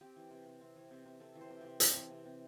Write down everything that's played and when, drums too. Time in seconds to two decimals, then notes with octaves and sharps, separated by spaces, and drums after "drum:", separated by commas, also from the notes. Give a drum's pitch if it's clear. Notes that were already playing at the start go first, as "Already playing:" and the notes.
0.01 C4 G4
0.16 E3
0.31 C3
0.46 C3
0.61 C4
0.76 E3
0.91 C3
1.06 C3
1.20 C4 A4
1.36 E3
1.41 C5
1.50 C3
1.61 C3 G4
1.80 C4 A5, drum: hi-hat
1.95 E3
2.11 C3
2.25 C3